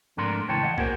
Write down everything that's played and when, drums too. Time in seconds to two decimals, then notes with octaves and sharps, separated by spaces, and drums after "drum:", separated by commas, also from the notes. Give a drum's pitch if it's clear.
0.17 F2 G#2 A3 D4 A#4 C6
0.48 C#2 A2 E3 C#5 G5 A5
0.63 D#5 F#5
0.78 A#3 F#4 G#4 A#4 C5, drum: kick